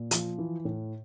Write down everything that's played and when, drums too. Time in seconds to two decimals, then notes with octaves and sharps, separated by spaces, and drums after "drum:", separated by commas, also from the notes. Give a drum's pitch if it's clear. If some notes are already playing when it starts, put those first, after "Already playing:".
Already playing: A#2
0.11 F3, drum: hi-hat
0.38 E3
0.65 A2